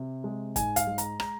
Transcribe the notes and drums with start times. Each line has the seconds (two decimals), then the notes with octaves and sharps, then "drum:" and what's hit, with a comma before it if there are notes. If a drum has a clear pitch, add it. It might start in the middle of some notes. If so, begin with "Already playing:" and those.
Already playing: C3
0.24 G#3
0.56 G#2 G#5, drum: kick, hi-hat
0.76 F5, drum: hi-hat
0.87 G#3
0.98 A#5, drum: hi-hat
1.20 A#5, drum: rim click